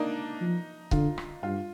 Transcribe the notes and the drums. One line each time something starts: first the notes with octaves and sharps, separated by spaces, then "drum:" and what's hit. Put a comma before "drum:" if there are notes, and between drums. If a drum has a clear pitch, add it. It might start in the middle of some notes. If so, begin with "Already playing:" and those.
Already playing: A#3 D4 D#4
F3
D3 F4, drum: kick C#1
drum: rim click
G2 F4